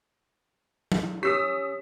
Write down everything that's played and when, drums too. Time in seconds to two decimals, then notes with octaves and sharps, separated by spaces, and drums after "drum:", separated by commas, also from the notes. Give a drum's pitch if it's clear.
0.92 drum: tom F3
1.23 C#4 G4 D#6 E6 B6